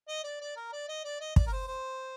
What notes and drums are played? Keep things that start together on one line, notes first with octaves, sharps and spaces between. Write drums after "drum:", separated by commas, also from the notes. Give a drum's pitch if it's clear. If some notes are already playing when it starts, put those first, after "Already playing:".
D#5
D5
D5
A#4
D5
D#5
D5
D#5
D5, drum: kick
A#4
C5
C5